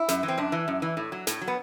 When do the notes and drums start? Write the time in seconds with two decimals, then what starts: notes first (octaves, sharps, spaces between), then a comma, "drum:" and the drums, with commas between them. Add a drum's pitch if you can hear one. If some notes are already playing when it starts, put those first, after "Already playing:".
Already playing: E4
0.09 F#2, drum: snare
0.23 E3
0.28 C4
0.38 F#2 D4
0.52 E3
0.68 F#2
0.82 E3
0.97 A2
1.12 F#3
1.27 A2, drum: snare
1.41 F#3
1.48 B3